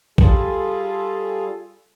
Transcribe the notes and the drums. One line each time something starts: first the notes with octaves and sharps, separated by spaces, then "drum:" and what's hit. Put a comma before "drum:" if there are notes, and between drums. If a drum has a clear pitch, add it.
G3 F4 G#4 A4, drum: kick